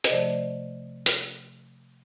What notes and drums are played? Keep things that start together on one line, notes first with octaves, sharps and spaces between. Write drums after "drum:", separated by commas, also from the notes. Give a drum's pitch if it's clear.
D#5, drum: hi-hat
C3 F3 A3 C5 D5
drum: hi-hat